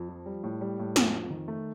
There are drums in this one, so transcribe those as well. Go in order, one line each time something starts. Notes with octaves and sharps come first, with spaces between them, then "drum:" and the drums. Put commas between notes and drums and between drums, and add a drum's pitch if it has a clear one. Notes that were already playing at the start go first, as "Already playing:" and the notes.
Already playing: F2
F3
G3
A2
G3
A2
F2, drum: snare
F2
D#3
A3